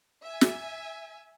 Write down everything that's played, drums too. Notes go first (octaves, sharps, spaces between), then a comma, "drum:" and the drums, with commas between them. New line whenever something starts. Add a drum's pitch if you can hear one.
E5 G#5
drum: snare